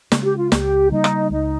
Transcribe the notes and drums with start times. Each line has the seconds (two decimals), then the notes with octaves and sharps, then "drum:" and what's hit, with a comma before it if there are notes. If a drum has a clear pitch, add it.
0.12 C#3 G#3 C#4 F4, drum: snare
0.24 G4
0.37 F4
0.52 C#2 G4, drum: snare
0.91 C#3 G3 A#3 D#4
1.04 drum: rim click
1.30 C#2 D#4